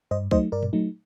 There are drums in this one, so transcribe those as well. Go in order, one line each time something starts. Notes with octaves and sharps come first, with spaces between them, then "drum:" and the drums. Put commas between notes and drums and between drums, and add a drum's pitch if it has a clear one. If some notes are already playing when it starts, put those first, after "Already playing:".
G2 C5 D#5
F#3 A3 D#4 C5 D#5, drum: kick
G2 A#4 D5
drum: tom A#2
F#3 A3 D#4